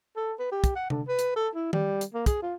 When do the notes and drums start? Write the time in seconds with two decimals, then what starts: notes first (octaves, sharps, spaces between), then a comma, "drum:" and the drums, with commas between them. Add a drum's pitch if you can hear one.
0.16 A4
0.39 B4
0.51 G4
0.64 drum: kick, hi-hat
0.75 F#5
0.90 D3, drum: tom C3
1.08 B4
1.19 drum: hi-hat
1.36 A4
1.55 E4
1.73 G3, drum: tom D#3
2.01 drum: hi-hat
2.14 A#3
2.26 G#4, drum: kick, hi-hat
2.42 F4